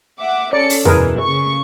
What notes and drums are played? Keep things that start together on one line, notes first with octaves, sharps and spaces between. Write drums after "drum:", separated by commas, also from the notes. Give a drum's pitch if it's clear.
E5 F#5 D6
C#4 A4 D5 C#7
drum: open hi-hat
F#2 B2 E3 G#4 A#4 B4, drum: tom E2
C#3 C#6